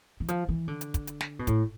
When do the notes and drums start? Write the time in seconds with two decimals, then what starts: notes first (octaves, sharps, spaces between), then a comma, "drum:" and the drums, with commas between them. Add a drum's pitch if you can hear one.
0.20 E3
0.28 F3, drum: hi-hat
0.49 E3
0.68 D3
0.81 drum: hi-hat
0.94 drum: kick, hi-hat
1.07 drum: hi-hat
1.21 drum: snare
1.39 B2
1.47 A2, drum: kick, hi-hat